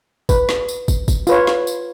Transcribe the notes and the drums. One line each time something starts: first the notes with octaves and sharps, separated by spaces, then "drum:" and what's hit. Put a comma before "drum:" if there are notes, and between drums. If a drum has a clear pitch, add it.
B4, drum: kick, tambourine
drum: snare
drum: tambourine
drum: kick, tambourine
drum: kick, tambourine
F4 B4 C#5, drum: tambourine
drum: snare
drum: tambourine